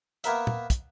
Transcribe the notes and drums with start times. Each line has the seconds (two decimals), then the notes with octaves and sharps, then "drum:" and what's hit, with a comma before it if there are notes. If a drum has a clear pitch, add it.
0.24 A#3 B3 A#4 E5, drum: hi-hat
0.47 drum: tom
0.70 drum: kick, hi-hat